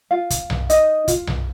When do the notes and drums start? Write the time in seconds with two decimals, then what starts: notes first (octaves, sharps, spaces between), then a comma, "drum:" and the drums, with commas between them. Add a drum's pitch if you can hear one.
0.11 F4 F5
0.30 drum: kick, hi-hat
0.50 drum: tom B1
0.70 D#4 D#5, drum: hi-hat
1.08 F4, drum: kick, hi-hat
1.27 drum: tom B1